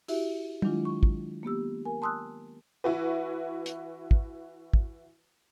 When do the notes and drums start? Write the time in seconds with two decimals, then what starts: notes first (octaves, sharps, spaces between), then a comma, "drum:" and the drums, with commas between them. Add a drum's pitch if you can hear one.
0.08 E4 F#4 G4 E5, drum: open hi-hat
0.62 D#3 F#3 G#3 D4 E4 F4, drum: tom
0.85 C#6
1.03 drum: kick
1.43 A#3 B3 G4 E6
1.85 A#4 G#5
2.02 A5 C6 D#6 E6 F#6
2.84 E3 E4 F#4 B4
3.66 drum: hi-hat
4.11 drum: kick
4.74 drum: kick